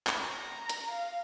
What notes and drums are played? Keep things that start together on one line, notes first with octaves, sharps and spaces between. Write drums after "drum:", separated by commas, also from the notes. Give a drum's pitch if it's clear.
drum: clap
A#5
drum: hi-hat
F5